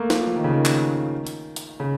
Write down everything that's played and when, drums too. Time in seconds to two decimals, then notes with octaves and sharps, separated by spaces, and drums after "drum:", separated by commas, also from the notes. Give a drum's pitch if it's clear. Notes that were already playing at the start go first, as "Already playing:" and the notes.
Already playing: A3 A#3
0.10 F3, drum: snare
0.27 F3
0.36 D#3
0.44 C#3
0.53 D#3
0.65 drum: clap
1.27 drum: hi-hat
1.56 drum: hi-hat
1.80 C#3